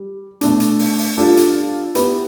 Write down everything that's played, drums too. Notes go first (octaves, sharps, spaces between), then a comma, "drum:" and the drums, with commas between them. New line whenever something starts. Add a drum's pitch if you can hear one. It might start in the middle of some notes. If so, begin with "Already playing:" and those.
Already playing: G3
B2 A3 D4, drum: hi-hat
drum: hi-hat
drum: open hi-hat
drum: open hi-hat
G3 D4 F4 A4
drum: hi-hat
B3 E4 G4 B4, drum: hi-hat